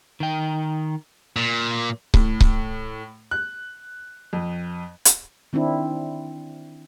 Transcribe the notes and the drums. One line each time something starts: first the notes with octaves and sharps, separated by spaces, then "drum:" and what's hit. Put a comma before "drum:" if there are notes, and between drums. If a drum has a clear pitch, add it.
D#3 G5
A#2
A2, drum: kick C#1
drum: kick C#1
F#6
F2
drum: hi-hat
D#3 C4 D4 E4